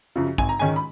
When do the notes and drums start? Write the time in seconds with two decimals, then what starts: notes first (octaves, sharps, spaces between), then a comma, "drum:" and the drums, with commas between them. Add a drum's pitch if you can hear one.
0.16 F#2 C#3 F3
0.38 G#1 G#5, drum: kick
0.49 A#5
0.59 G#2 D#3 G#3 C#4 G#5
0.76 B5